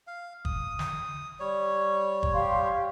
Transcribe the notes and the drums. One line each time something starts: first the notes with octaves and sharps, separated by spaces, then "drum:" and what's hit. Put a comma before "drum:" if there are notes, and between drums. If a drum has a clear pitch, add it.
F5
D#6, drum: kick
drum: snare
G3 C#5
drum: kick
G4 F5 C6